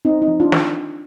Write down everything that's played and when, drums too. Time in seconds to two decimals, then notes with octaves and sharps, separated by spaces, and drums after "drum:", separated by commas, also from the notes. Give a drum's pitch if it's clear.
0.05 C4 D#4
0.22 D#4
0.28 F3
0.40 D4 F4
0.52 drum: snare